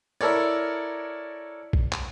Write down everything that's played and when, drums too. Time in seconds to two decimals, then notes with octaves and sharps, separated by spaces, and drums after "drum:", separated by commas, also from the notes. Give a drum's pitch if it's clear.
0.21 E4 A4 A#4 C#5 D5
1.73 drum: kick A#1
1.92 drum: clap